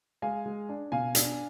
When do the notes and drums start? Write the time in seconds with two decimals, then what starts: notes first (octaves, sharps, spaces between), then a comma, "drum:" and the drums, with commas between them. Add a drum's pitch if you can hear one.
0.22 G#3 F5 G#5
0.46 G#3
0.69 D4
0.92 B2 F5 G#5
1.15 D4, drum: hi-hat